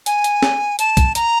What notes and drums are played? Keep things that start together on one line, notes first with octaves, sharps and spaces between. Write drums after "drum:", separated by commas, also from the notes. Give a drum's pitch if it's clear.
G#5, drum: hi-hat
drum: hi-hat
drum: snare
A5, drum: hi-hat
drum: kick, hi-hat
A#5, drum: hi-hat